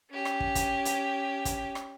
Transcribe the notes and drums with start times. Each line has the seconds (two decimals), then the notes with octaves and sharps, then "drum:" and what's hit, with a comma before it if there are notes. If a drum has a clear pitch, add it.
0.10 C#4 G4
0.25 drum: rim click
0.40 drum: kick
0.55 drum: kick, hi-hat
0.85 drum: hi-hat
1.45 drum: kick, hi-hat
1.75 drum: rim click